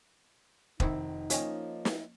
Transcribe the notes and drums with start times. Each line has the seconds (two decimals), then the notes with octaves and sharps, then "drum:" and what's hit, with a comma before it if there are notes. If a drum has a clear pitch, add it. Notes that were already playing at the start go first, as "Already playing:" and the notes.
0.80 F1 C3 D#3 C4 D#4 E4, drum: kick E1
1.30 F3 A#3 C#4 C#5 D#5 G5, drum: hi-hat
1.85 drum: snare